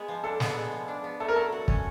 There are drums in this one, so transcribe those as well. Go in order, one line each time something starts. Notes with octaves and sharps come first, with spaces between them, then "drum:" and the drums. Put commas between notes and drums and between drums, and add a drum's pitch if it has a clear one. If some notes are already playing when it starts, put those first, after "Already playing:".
Already playing: G#3 B3
F3
D4 A4
B3, drum: snare
G#3
F3
D4
B3
A3 A4
A#4
F#3 A4
F#4
C#4, drum: kick